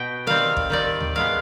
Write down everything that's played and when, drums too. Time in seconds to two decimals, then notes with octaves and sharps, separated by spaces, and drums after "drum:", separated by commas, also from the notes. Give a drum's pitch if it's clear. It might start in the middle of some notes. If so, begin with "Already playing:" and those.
Already playing: B2 B3 G5
0.27 D#3 G3 C4 F5
0.56 drum: kick
0.70 D#3 G3 C4 D5
1.00 drum: tom D2
1.15 D#3 G#3 B3 F5